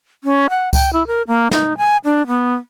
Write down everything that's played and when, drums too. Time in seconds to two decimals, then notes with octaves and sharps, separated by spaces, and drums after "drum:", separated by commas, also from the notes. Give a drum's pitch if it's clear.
0.24 C#4
0.50 F#5
0.73 G5, drum: kick C#2, tambourine
0.93 E4
1.07 A#4
1.28 A#3
1.51 D#4, drum: snare
1.78 G#5
2.05 D4
2.27 B3